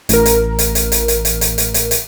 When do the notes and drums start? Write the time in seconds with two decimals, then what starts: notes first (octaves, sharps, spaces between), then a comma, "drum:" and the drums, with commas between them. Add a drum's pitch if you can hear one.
0.09 A1 A#4, drum: hi-hat
0.26 drum: hi-hat
0.59 drum: hi-hat
0.75 drum: hi-hat
0.92 drum: hi-hat
1.08 drum: hi-hat
1.25 drum: hi-hat
1.41 drum: hi-hat
1.58 drum: hi-hat
1.74 drum: hi-hat
1.91 drum: hi-hat